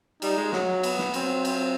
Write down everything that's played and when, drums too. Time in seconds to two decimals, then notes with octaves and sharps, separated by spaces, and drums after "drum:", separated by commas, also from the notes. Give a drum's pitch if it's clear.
0.22 G3 D#4, drum: cymbal
0.37 G#3
0.52 F#3, drum: snare
0.83 B3, drum: cymbal
0.99 drum: snare
1.14 F#3 C4, drum: cymbal
1.45 C4, drum: cymbal